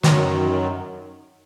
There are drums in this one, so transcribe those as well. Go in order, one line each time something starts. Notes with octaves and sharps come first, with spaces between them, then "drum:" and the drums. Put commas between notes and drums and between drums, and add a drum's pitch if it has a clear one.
F#2 D#3 F#3, drum: snare